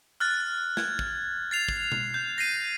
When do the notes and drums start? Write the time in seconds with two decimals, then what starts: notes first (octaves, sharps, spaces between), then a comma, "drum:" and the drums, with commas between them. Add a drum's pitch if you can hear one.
0.20 F6 F#6 A6
0.77 G#6, drum: snare
0.99 drum: kick
1.51 A6 C7 F7
1.68 drum: kick
1.92 drum: tom B2
2.14 G6
2.38 A#6 C7 D#7